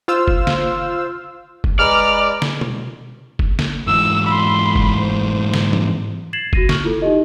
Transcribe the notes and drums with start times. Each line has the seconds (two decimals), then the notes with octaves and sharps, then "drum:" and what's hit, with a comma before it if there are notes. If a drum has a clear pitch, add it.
0.08 F4 C5 F5 E6
0.28 drum: kick F#1
0.47 drum: snare
1.64 drum: kick F#1
1.79 G#3 B4 D5 A#5 F6
2.42 drum: snare
2.61 drum: tom B2
3.39 drum: kick F#1
3.59 drum: snare
3.87 G#2 E3 E6
4.27 B5 C6
4.76 drum: kick F#1
4.99 C5
5.54 drum: snare
5.73 drum: tom E3
6.33 G#6 A6 C7 E7 F#7
6.53 F#4 A#6 D#7, drum: kick F#1
6.69 C#6 F6 F#7, drum: snare
6.84 E4 F4 A4
7.02 D#4 G4 D#5